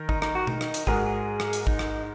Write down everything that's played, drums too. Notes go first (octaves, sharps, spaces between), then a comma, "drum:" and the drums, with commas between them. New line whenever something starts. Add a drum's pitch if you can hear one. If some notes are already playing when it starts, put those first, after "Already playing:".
Already playing: D#3 A#4
D#4, drum: kick
D#4, drum: rim click
F#4
D#4, drum: tom B2
drum: rim click
drum: hi-hat
G#2 G#3 F#4 G#4 A#4, drum: kick
G#4
drum: rim click
drum: hi-hat
D#4, drum: kick
drum: rim click